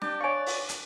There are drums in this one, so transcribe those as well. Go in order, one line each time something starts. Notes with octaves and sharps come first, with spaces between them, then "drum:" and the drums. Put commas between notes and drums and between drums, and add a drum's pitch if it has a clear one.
D4 G4, drum: snare
C#5 D5 F5 G#5 C#6
drum: open hi-hat
drum: hi-hat